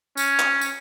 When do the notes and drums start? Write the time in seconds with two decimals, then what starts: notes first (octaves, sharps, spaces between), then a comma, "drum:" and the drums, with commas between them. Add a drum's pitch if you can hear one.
0.17 C#4, drum: tambourine
0.39 drum: clap
0.61 drum: tambourine